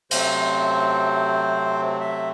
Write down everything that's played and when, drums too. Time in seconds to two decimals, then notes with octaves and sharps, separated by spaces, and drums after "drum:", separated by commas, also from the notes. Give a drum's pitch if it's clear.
0.11 C3 F#3 A3 C4 C5, drum: cymbal
2.01 E5